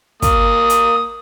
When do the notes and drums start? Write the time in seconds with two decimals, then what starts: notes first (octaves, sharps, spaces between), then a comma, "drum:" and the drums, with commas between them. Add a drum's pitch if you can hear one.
0.22 A#3 D#6, drum: kick, hi-hat
0.70 drum: hi-hat